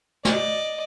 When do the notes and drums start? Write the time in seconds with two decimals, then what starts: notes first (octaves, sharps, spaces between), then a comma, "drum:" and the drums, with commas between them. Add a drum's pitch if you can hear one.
0.25 D5 D#5, drum: snare